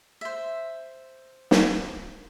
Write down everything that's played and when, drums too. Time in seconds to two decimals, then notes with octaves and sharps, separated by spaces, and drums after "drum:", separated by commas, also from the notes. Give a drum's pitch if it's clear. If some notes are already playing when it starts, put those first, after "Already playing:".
0.21 C5 E5
1.51 drum: snare